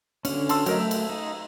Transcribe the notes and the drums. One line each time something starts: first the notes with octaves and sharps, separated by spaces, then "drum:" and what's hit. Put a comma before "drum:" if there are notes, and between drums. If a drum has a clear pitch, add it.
D3 C#4, drum: cymbal
A5 C6 E6, drum: cymbal
F#3 A3 A#4 D#5 G5, drum: cymbal
E6
drum: cymbal
D#4